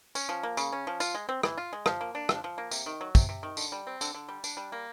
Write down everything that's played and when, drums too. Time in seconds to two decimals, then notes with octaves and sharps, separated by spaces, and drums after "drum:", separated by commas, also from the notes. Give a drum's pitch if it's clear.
0.15 C#4, drum: tambourine
0.29 F3
0.43 A#3
0.57 C#3, drum: tambourine
0.72 C#4
0.87 F3
1.00 F4, drum: tambourine
1.15 G#3
1.29 C4
1.43 E3, drum: rim click
1.58 F4
1.73 G#3
1.86 F3, drum: rim click
2.01 A#3
2.15 D4
2.29 F3, drum: rim click
2.44 F3
2.58 A#3
2.71 C3, drum: tambourine
2.86 D#3
3.01 F#3
3.15 C3, drum: kick, tambourine
3.29 C3
3.43 D#3
3.57 D3, drum: tambourine
3.72 G3
3.87 C4
4.01 D3, drum: tambourine
4.14 D3
4.28 G3
4.44 D4, drum: tambourine
4.57 G3
4.72 A#3